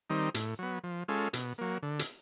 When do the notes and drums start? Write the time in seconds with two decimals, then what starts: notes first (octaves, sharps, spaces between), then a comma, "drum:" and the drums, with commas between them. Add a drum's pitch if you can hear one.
0.10 D#3 G3 C4 D#4
0.34 A2, drum: hi-hat
0.59 F#3 B3
0.84 F3
1.08 G#3 C#4 F4 A4
1.33 B2, drum: hi-hat
1.58 F#3 A#3
1.83 D3
1.99 drum: hi-hat